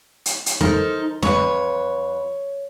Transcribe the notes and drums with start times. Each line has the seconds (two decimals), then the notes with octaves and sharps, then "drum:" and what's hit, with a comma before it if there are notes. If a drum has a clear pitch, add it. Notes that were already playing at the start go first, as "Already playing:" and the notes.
0.26 drum: hi-hat
0.46 drum: hi-hat
0.61 D#4 A4 A#4 C5, drum: snare
1.22 F2 B4 C#5, drum: snare